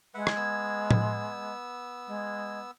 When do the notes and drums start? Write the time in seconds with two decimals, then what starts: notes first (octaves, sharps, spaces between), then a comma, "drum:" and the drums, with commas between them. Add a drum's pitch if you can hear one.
0.14 G#3 B4 E5 F#5
0.27 drum: rim click
0.36 B3 E6
0.91 drum: tom A2
2.07 G#3